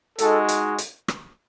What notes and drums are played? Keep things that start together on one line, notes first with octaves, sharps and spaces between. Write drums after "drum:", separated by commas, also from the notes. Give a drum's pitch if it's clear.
G#3 D#4 F#4 A4, drum: hi-hat
drum: hi-hat
drum: hi-hat
drum: rim click